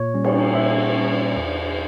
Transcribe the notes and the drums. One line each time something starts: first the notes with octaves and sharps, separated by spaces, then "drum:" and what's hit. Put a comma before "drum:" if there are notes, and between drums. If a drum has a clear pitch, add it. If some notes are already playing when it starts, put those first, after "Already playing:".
Already playing: A#2 C#5
G3 C#4
drum: cymbal
A#2 E5
G3 C#4
E2